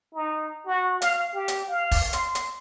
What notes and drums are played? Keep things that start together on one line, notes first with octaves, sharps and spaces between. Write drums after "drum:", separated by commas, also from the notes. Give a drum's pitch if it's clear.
D#4
F#4
F5, drum: hi-hat
G4
drum: hi-hat
F5
drum: kick, open hi-hat
C6, drum: hi-hat
drum: hi-hat